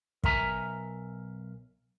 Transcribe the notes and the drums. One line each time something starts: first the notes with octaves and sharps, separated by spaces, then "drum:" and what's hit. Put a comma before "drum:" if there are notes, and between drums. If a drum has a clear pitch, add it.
B1 A#4 E5 G#5 A#5, drum: kick